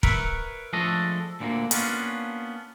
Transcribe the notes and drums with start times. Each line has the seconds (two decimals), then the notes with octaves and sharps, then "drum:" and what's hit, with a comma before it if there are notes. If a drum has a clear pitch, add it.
0.03 A#4 B4 C#5 E5, drum: kick
0.73 F3 G#3 A3 D4 A4 D#5
1.40 D2 A#2 D3 A3 A#3
1.71 A#3 B3 C#4 D4 F4, drum: hi-hat